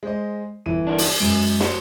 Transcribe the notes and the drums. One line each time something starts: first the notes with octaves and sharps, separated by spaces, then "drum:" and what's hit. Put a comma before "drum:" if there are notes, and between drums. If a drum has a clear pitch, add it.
G#3 C5 D#5
G1 E3 D#7
D4 D#4 A#4
drum: open hi-hat
F#2 G#3 D7
F#3 F#4 C5, drum: snare